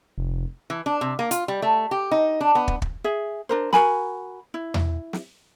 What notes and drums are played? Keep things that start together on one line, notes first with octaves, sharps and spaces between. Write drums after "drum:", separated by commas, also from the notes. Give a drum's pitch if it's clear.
F1
E3
D4
C3
A#3
F4, drum: hi-hat
G3
A3
G4
D#4
D4
B3
drum: kick
drum: kick
G#4 E5
D4 A#4 C5
F#4 A#4 G#5 B5, drum: snare
E4
drum: tom E2
drum: snare